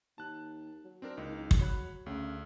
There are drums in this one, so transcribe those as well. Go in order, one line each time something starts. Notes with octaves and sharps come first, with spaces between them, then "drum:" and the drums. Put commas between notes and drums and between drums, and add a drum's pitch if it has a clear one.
D#2 A5 F#6
F#3
C4 D4 A#4
F#1 C#2 D#4
drum: kick
F#3 C#5 B5 F#6
D2 C#3